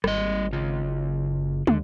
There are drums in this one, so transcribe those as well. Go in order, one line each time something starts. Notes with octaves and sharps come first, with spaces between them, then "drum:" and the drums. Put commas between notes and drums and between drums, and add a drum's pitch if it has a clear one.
G#1 G3 D#5, drum: rim click
C#3 F4
F#1
D#2 D3, drum: tom